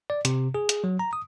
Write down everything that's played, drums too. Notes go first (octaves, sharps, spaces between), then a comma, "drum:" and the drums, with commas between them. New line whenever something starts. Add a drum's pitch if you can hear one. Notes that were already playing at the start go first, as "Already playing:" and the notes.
D5
C3, drum: hi-hat
G#4
drum: hi-hat
F#3
A#5
D#6